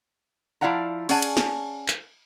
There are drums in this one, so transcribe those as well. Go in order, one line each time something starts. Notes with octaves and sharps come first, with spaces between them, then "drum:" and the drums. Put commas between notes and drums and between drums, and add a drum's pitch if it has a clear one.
F3 E4 D5 F5 F#5 A#5
C#4 G#4 D5 F#5 G#5 A5, drum: open hi-hat
drum: cymbal
drum: snare
drum: clap